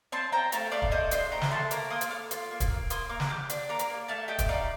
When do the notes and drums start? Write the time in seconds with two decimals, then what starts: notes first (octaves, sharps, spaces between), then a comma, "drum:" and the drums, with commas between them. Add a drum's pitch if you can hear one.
0.12 C4 A5 C6
0.32 C4 G5 A#5
0.52 A3 F5 A5, drum: hi-hat
0.72 A3 D5 F5
0.82 drum: kick
0.91 A4 C5 D#5
1.11 D4 C5 D#5, drum: hi-hat
1.31 A3 G5 A#5
1.42 drum: snare
1.51 A3 A5 C6
1.71 A#3 A#5 D6, drum: hi-hat
1.90 A#3 C6 D#6
2.01 drum: hi-hat
2.10 A4 D6 F6
2.31 F4, drum: hi-hat
2.51 A#3
2.60 drum: kick, hi-hat
2.70 A#3
2.90 A#3 C6 D#6, drum: hi-hat
3.09 A#3 A#5 D6
3.20 drum: snare
3.29 G4 D6 F6
3.50 D4, drum: hi-hat
3.69 A#3 A#5 D6
3.79 drum: hi-hat
3.90 A#3
4.08 A3 F5 A5
4.28 G4 D#5 G5
4.39 drum: kick, hi-hat
4.49 D#4 D5 F5